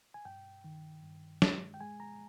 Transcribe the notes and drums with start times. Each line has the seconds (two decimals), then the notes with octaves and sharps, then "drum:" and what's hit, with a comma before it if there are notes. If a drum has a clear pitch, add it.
0.14 G#5
0.25 G2 G5
0.64 D#3
1.03 G2
1.42 G#3, drum: snare
1.74 G5
1.81 G#3 G#5
2.00 A#5